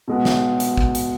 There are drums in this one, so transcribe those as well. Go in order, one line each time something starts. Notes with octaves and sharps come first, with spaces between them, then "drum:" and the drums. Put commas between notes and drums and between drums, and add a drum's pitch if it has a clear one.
B2 G#3 B3
drum: snare
drum: hi-hat
drum: kick
drum: hi-hat